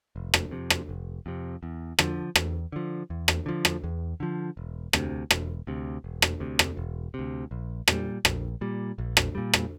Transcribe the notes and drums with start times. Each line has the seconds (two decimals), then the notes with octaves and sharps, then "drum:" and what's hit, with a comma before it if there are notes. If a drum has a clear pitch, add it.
0.16 F1
0.34 drum: rim click
0.51 F2 C3
0.70 drum: rim click
0.89 F1
1.26 F2 C3
1.63 E2
1.99 D3 F3, drum: rim click
2.36 E2, drum: rim click
2.72 D3 F3
3.10 E2
3.28 drum: rim click
3.46 D3 F3
3.65 drum: rim click
3.84 E2
4.20 D3 F3
4.57 E1
4.93 D2 C3, drum: rim click
5.31 E1, drum: rim click
5.67 D2 C3
6.04 E1
6.22 drum: rim click
6.40 D2 C3
6.59 drum: rim click
6.77 E1
7.14 C3
7.19 D2
7.51 A#1
7.88 A#2 G3, drum: rim click
8.25 A#1, drum: rim click
8.61 A#2 G3
8.98 A#1
9.17 drum: rim click
9.35 A#2 G3
9.53 drum: rim click